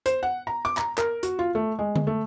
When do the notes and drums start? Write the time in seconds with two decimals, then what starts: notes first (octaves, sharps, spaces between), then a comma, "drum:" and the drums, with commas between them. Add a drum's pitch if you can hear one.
0.06 C5, drum: hi-hat
0.23 F#5
0.47 A#5
0.65 D6
0.77 A#5, drum: clap
0.98 A#4, drum: clap
1.23 F#4, drum: hi-hat
1.39 F4
1.55 A3
1.79 G#3
1.96 drum: tom D3
2.07 A3